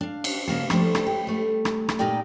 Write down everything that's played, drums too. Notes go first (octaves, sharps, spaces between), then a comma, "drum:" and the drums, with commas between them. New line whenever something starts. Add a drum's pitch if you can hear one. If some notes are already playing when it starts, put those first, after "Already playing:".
D4 F5
drum: cymbal
C#3 A#3 F5 A5
F3 G3 A3 D4 A4 C5, drum: rim click
drum: rim click
G4
G3 A3
drum: rim click
drum: rim click
A#2 A#3 D#4 G4 D5 G5